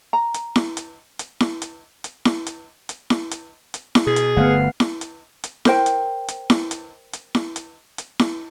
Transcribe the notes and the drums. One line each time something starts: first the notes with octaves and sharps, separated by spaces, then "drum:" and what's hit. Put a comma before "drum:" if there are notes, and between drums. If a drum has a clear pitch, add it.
A#5
drum: hi-hat
drum: snare E4
drum: hi-hat
drum: hi-hat
drum: snare E4
drum: hi-hat
drum: hi-hat
drum: snare E4
drum: hi-hat
drum: hi-hat
drum: snare E4
drum: hi-hat
drum: hi-hat
drum: snare E4
B2 G#4
drum: hi-hat
G1 D3 A3 B3 F5 F#5
drum: snare E4
drum: hi-hat
drum: hi-hat
A#4 C5 G5, drum: snare E4
drum: hi-hat
drum: hi-hat
drum: snare E4
drum: hi-hat
drum: hi-hat
drum: snare E4
drum: hi-hat
drum: hi-hat
drum: snare E4